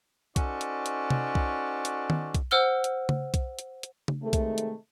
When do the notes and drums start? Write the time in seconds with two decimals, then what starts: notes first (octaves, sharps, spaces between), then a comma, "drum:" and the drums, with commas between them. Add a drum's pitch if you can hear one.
0.36 C#4 D#4 F#4 A4 C5 D5, drum: kick B1, hi-hat
0.61 drum: hi-hat
0.86 drum: hi-hat
1.10 drum: tom C3
1.35 drum: kick B1
1.85 drum: hi-hat
2.10 drum: tom D#3
2.35 drum: kick B1, hi-hat
2.51 C5 F#5 E6 F6 G7
2.84 drum: hi-hat
3.09 drum: tom C#3
3.34 drum: kick B1, hi-hat
3.59 drum: hi-hat
3.83 drum: hi-hat
4.08 drum: tom C#3
4.22 C3 D#3 G#3 A3
4.33 drum: kick B1, hi-hat
4.58 drum: hi-hat